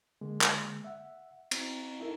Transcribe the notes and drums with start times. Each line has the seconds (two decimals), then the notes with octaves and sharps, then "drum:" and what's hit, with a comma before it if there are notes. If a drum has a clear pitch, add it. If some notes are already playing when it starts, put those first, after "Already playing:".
0.21 D3 G#3 A#3
0.42 drum: clap
0.84 E5 F#5
1.51 C4, drum: cymbal
2.00 D#4 E4 A4 A#4